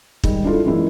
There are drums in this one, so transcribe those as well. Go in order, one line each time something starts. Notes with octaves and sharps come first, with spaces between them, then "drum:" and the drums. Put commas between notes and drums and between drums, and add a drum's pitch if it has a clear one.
D#3 G3 G#3, drum: kick
D4 E4 F4 A4
F#2 E3 G#3 A#3 E4